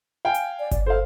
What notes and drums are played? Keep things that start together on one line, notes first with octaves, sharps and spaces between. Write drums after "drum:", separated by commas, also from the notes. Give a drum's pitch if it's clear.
F5 G5 G#5
drum: hi-hat
D5
D5, drum: kick G1, hi-hat
A4 C5 F5